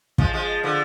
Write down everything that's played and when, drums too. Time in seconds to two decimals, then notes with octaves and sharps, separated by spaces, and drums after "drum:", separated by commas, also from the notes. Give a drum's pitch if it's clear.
0.18 F3 G#3, drum: kick
0.33 F3 G#3
0.63 D3 F3